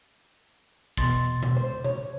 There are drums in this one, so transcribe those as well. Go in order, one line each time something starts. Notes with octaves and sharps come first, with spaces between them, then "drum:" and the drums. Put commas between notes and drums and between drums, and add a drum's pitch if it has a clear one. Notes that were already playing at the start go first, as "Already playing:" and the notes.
E2 B2 C6 A6, drum: kick
drum: tom B2
C5
C#5, drum: tom C3